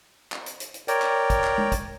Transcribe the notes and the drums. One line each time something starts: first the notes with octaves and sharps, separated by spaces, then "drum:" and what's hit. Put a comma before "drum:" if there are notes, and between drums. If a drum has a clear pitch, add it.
drum: clap
drum: hi-hat
drum: hi-hat
drum: hi-hat
A#4 C#5 D5 G5, drum: hi-hat
drum: clap
drum: kick, hi-hat
drum: clap
drum: tom G#3
drum: kick, hi-hat